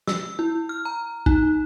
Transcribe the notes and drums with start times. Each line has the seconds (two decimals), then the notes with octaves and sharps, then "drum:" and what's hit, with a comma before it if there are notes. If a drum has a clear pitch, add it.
0.07 E6, drum: snare
0.39 E4
0.69 F6
0.85 A#5
1.26 D#4, drum: kick